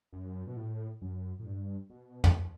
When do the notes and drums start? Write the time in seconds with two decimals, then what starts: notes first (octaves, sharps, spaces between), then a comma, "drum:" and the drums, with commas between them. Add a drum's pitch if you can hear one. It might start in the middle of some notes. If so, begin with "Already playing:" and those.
0.13 F#2
0.47 B2
0.56 A2
1.02 F#2
1.39 A2
1.45 G2
1.90 B2
2.24 drum: tom